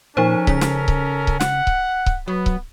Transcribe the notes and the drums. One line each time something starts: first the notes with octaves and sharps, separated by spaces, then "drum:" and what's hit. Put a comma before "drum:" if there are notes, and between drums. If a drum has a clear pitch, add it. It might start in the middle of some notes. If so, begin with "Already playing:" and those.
A#2 F3 C#4 D#4 A4 A#4 C5
C#3 B6, drum: kick C#1
drum: snare
drum: kick C#1
drum: kick C#1
F#5, drum: snare
drum: kick C#1
drum: kick C#1
F#3 B3
drum: kick C#1